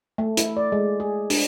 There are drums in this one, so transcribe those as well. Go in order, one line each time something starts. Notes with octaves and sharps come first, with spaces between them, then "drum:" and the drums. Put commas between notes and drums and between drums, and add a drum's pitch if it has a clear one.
A3
E4, drum: hi-hat
D5
G#3
G#4
D4, drum: open hi-hat